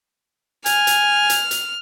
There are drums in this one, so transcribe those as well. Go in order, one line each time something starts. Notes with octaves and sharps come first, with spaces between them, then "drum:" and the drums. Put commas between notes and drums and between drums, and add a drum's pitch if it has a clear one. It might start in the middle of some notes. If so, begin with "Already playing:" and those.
G#5 F6, drum: hi-hat
drum: hi-hat
drum: hi-hat
drum: hi-hat